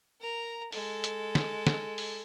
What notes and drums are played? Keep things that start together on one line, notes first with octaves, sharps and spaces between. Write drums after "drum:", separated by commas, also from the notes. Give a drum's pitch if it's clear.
A#4 A#5
G#3 A4, drum: open hi-hat
drum: hi-hat
drum: snare
drum: snare
drum: open hi-hat